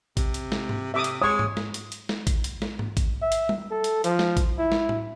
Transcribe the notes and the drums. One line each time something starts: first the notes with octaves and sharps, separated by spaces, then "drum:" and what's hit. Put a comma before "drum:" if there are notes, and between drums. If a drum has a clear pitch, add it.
C3, drum: kick A1, hi-hat
drum: hi-hat
drum: snare
drum: tom G#2
C3 E5 D6 D#6
drum: hi-hat
G#3 C#5 C#6 D#6
drum: tom G#2
drum: snare
drum: hi-hat
drum: hi-hat
drum: snare
drum: kick A1, hi-hat
drum: hi-hat
drum: snare
drum: tom G#2
drum: kick A1, hi-hat
E5
drum: hi-hat
drum: tom G3
A4
drum: hi-hat
F3, drum: hi-hat
drum: snare
drum: kick A1, hi-hat
E4
drum: snare
drum: tom A2